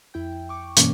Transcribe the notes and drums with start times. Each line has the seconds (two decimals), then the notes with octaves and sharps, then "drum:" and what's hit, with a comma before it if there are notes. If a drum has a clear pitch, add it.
0.14 F2 E4 G5
0.49 C#6 D6
0.77 G2 B2 E3 A#3 C#4, drum: hi-hat